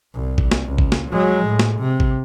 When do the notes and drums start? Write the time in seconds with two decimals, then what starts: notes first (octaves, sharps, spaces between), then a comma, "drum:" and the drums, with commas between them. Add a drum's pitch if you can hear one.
0.15 C2
0.38 drum: kick A1
0.51 drum: snare
0.66 C#2
0.78 drum: kick A1
0.92 drum: snare
1.10 F#3 G#3
1.46 A2
1.59 drum: snare
1.80 C3
2.00 drum: kick A1